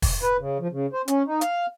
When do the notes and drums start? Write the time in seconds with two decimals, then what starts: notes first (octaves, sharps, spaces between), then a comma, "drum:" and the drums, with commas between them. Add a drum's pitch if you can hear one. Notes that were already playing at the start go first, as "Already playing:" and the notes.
0.02 drum: kick, open hi-hat
0.22 B4
0.40 C#3
0.60 F3
0.72 C#3
0.93 C5
1.08 C#4, drum: hi-hat
1.27 D#4
1.41 F5, drum: hi-hat